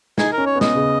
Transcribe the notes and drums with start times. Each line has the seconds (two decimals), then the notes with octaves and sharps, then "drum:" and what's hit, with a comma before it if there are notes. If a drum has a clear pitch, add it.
0.18 D#4 G#4, drum: snare
0.33 A#4
0.38 C#4
0.46 C#5
0.56 B3
0.61 D#5, drum: snare
0.75 C#3